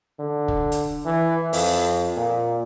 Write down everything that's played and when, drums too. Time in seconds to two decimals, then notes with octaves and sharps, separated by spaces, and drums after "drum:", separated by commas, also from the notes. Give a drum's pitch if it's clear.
0.19 D3
0.48 drum: kick
0.72 drum: hi-hat
1.05 E3
1.53 F2, drum: open hi-hat
2.17 A#2